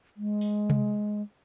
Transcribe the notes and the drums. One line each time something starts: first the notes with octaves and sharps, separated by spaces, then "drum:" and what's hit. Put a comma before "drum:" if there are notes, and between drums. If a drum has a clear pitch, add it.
G#3
drum: open hi-hat
drum: tom C3